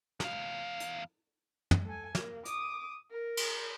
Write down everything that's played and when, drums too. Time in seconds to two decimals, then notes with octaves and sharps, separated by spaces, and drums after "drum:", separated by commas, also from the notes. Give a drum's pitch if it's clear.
0.20 E2 F5, drum: snare
0.80 drum: hi-hat
1.71 drum: tom
1.85 A4 G#5
2.15 A#3, drum: snare
2.45 D6 D#6, drum: hi-hat
3.11 A#4
3.37 drum: cymbal